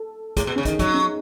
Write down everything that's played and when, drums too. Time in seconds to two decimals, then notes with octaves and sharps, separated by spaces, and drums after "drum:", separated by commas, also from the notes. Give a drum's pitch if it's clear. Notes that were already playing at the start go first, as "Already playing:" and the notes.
Already playing: A4
0.37 A2 G#4, drum: kick, hi-hat
0.47 B2
0.56 C#3 C#4
0.65 D#3 D#4, drum: kick, hi-hat
0.79 F#3 D#4, drum: kick, hi-hat
0.94 C#4